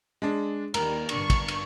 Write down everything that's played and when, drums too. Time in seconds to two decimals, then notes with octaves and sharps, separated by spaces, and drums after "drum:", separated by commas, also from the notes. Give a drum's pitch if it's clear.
0.22 G#3 D4
0.74 D#2 G3 A#4, drum: cymbal
1.09 G1 D4 C#6, drum: cymbal
1.30 drum: kick, cymbal
1.48 drum: cymbal